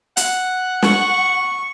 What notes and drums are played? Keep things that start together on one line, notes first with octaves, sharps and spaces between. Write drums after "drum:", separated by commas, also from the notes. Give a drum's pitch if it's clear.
F#5, drum: hi-hat
C#6, drum: snare